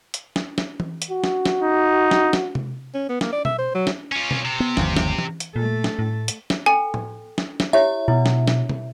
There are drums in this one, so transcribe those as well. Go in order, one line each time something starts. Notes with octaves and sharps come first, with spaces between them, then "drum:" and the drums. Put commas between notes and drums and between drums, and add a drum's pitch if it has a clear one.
drum: hi-hat
drum: snare
drum: snare
drum: tom E3
drum: hi-hat
F#4
drum: snare
drum: snare
D#4
drum: snare
drum: snare
drum: tom C3
C#4
B3
A#3, drum: snare
D5
E5, drum: tom B2
C5
F#3
drum: snare
C#4 F4
drum: tom B2
C3
B3
G1 D#2 F3, drum: snare
drum: snare
drum: tom E3
drum: hi-hat
A#2 A3 A4
drum: snare
A2
drum: hi-hat
drum: snare
A4 G5 G#5
drum: tom A2
drum: snare
drum: snare
E4 G4 C#5 E5
B2 E4
drum: snare
drum: snare
drum: tom B2